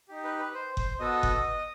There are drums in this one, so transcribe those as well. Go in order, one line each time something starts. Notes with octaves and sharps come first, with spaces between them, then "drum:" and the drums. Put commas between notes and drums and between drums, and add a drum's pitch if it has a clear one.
D#4 G4
B4
B4
C5
C5, drum: kick F#1
B3 F#4 A4 D#5
drum: kick F#1